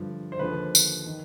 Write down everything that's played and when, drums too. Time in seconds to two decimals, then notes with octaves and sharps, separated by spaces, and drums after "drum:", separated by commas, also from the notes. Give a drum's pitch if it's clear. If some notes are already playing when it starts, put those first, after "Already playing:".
Already playing: G2 D3 F3
0.32 C5
0.39 D#2 D3 F3 B4
0.75 drum: tambourine
1.06 D#3